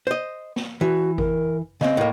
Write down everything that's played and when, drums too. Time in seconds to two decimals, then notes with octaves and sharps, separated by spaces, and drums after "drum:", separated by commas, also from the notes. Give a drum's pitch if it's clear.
0.07 C5 D#5
0.56 drum: snare
0.81 E3 F#4
1.18 A#4, drum: kick G#1
1.81 C#3 C4 D#5, drum: snare
1.97 A2 A#3